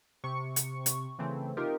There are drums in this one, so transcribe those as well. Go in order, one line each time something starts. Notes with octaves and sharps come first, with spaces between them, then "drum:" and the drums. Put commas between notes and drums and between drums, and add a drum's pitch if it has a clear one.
C3 C#6
drum: hi-hat
drum: hi-hat
C#3 E3 A3 C4
C3 D#4 F4 G4 A#4